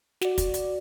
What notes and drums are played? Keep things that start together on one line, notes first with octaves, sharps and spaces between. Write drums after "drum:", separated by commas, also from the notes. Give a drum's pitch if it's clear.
F#4 D5, drum: snare
drum: kick, hi-hat
drum: hi-hat